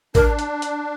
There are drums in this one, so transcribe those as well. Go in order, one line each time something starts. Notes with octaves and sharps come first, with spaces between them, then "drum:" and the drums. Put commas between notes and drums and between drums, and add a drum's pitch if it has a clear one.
D4 A#4, drum: kick A1, hi-hat
drum: hi-hat
drum: hi-hat